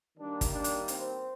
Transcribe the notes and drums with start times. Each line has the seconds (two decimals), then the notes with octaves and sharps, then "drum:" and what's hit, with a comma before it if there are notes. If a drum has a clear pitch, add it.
0.17 D#3 G3 A#3 D4
0.41 drum: kick G1, hi-hat
0.52 D4
0.64 drum: hi-hat
0.88 C4, drum: hi-hat